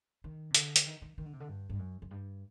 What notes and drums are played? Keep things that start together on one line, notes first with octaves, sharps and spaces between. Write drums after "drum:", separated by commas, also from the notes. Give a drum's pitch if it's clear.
D#3
C3
D3, drum: hi-hat
drum: hi-hat
D#3
D#3
D#3
D3
C3
D3
G2
G2
F#2
F#2
G2